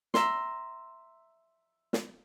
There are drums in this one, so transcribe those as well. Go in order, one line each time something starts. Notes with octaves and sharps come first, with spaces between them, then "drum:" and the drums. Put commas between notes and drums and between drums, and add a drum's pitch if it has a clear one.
E5 A#5 C6, drum: snare
drum: snare